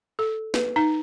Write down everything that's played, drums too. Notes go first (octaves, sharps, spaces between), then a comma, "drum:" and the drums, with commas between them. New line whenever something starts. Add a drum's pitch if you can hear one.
A4
B4, drum: snare
D#4